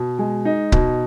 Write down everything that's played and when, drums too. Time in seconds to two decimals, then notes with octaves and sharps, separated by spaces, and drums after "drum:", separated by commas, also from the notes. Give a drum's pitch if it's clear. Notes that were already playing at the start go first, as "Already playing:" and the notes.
Already playing: B2
0.19 G#3
0.45 D#4
0.72 B2, drum: kick C#1